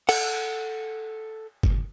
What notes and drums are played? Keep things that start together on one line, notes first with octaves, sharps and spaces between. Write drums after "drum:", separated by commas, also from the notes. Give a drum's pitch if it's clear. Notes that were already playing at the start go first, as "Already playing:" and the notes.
A4 F#5, drum: cymbal
drum: kick G1